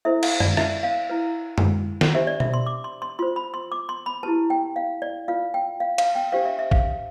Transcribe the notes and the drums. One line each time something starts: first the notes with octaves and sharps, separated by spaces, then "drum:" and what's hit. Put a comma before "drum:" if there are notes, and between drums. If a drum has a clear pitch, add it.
E4 A4 C5 E5
F5, drum: cymbal
D5, drum: tom F#2
E5, drum: rim click
F5
E4 B4
drum: tom F#2
drum: snare
D4 G4 C5 E5
D5
E5, drum: tom B2
C6
D6
C6
C6
F4 C5 C6
B5
C6
D6
C6
B5
E4 G4 B4 A5
G5
F5
D5
F4 B4 F5
G5
F5
F5, drum: cymbal
G5
D4 G4 C5 F5
E5
E5
F5, drum: kick